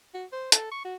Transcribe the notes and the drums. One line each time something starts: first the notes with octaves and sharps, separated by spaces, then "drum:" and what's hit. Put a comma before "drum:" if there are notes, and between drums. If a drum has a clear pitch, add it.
F#4
C5
A4, drum: hi-hat
C#6
F#4